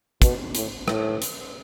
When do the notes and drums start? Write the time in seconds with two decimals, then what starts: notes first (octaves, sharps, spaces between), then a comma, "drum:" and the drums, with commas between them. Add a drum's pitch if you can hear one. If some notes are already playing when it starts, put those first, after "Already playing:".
0.22 B2, drum: kick, hi-hat
0.55 A2, drum: hi-hat
0.88 A2, drum: rim click
1.22 drum: hi-hat